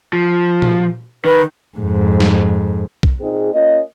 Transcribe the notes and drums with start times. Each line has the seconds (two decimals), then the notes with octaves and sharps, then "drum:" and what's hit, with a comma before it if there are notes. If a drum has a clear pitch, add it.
0.13 F3
0.62 drum: tom A#2
1.25 D#3 B4
1.78 F2 G#2
2.20 drum: snare
3.03 drum: kick B1
3.21 A#2 C4 D#4 G#4
3.53 A#3 C#4 F4 D#5